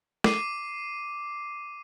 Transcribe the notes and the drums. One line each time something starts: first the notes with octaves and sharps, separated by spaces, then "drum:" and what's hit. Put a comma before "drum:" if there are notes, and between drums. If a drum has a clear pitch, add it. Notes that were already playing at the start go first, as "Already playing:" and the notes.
D6 C7 D#7, drum: snare